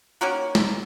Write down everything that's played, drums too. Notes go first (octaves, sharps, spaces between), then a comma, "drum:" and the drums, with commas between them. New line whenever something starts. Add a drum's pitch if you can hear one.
D#3 A#3 C#4 F#4 A#4
drum: snare